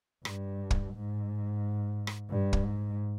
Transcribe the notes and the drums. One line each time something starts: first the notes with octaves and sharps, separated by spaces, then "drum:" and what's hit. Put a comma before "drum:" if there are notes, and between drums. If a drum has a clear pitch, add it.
G2, drum: rim click
drum: kick
G#2
drum: rim click
G2
drum: kick
G#2